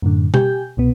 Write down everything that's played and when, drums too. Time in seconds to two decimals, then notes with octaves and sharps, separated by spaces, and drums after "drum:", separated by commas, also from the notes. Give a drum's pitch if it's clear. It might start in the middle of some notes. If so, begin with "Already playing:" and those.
0.02 F#2 A2 D3
0.34 G4 G#5 G6, drum: tom B2
0.77 C2 B2 B3